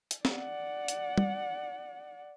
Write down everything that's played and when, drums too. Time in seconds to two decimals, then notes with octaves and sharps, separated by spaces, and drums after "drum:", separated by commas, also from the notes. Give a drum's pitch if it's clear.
0.11 drum: hi-hat
0.25 D5 F#5, drum: snare
0.88 drum: hi-hat
1.18 drum: tom G3